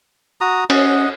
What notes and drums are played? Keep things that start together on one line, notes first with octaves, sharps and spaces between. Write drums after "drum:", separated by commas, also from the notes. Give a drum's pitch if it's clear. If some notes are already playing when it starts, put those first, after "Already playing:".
F#4 A#5 D#6
C#4 D#5 F#5, drum: cymbal